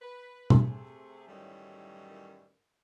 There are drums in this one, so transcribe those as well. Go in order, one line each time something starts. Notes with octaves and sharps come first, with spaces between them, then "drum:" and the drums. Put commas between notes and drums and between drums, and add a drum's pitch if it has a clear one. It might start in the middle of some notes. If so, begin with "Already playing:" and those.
B4
C3 A3 G#4, drum: tom B2
F#2 A2 D#3 E3 F#3 G3